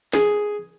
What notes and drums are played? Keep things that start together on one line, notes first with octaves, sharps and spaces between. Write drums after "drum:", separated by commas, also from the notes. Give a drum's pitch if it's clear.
G#4, drum: snare